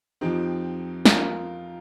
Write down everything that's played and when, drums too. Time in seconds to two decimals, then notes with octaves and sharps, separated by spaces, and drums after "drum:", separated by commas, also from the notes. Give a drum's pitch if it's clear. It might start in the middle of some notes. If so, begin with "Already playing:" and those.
0.21 F2 F3 C4 D#4 G4
1.05 F4 A#4, drum: snare